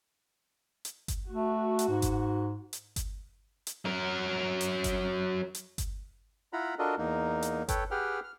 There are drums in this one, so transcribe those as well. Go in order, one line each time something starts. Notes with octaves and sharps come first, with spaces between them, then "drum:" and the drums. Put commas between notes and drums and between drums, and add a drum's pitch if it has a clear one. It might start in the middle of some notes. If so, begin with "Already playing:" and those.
drum: hi-hat
drum: kick G1, hi-hat
A3 F#4
drum: hi-hat
G#2
drum: kick G1, hi-hat
drum: hi-hat
drum: kick G1, hi-hat
drum: hi-hat
F#3 A#4
drum: hi-hat
drum: kick G1, hi-hat
drum: hi-hat
drum: kick G1, hi-hat
E4 F4 F#5 A#5 B5
D4 F4 F#4 A4 A#4 D#5
E2 A#3 D#4
drum: hi-hat
A4 B4 C#5 G5, drum: kick G1, hi-hat
G4 G#4 B4 F#5 G5 F6
F6